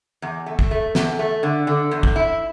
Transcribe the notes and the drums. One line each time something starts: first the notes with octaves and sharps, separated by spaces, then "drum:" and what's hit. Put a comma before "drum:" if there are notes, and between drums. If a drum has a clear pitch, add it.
E2
A3
drum: kick
A3
E2, drum: snare
A3
D3
D3
E2
drum: kick
E4